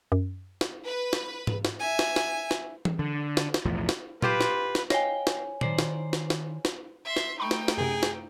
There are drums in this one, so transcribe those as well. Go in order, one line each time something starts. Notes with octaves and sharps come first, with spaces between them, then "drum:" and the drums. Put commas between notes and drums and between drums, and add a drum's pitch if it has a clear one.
F#2
drum: snare
B4
drum: snare
drum: tom G#2
drum: snare
E5 G#5
drum: snare
drum: snare
drum: snare
drum: tom E3
D3
drum: snare
drum: snare
B1 E2 A2 F3
drum: snare
F4 G4 B4 C5, drum: tom A#2
drum: snare
drum: snare
C#5 D#5 F5 G5 G#5, drum: snare
drum: snare
D#3 C5 D5, drum: tom A#2
drum: snare
drum: snare
drum: snare
drum: snare
E5 C6
drum: snare
A3 D#4 G5 B5 C#6
drum: snare
drum: snare
F#2 C3 G#4
drum: snare